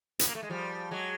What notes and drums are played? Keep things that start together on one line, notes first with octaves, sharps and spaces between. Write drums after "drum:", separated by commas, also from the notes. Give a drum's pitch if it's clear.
B3, drum: hi-hat
A#3
A3
G#3
F3 G3
F#3 G#3